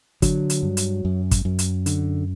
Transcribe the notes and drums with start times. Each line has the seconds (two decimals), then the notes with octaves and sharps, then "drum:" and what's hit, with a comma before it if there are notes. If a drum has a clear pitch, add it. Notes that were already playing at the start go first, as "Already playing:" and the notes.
0.22 D3 F#3, drum: kick, hi-hat
0.50 drum: hi-hat
0.63 G2
0.77 drum: hi-hat
1.05 F#2
1.31 drum: kick, hi-hat
1.45 F#2
1.59 drum: hi-hat
1.86 D3, drum: hi-hat